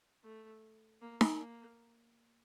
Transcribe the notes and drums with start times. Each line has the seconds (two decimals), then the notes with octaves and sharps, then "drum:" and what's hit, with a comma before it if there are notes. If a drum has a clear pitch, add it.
0.24 A3
1.02 A#3
1.21 drum: snare D#4
1.40 A#3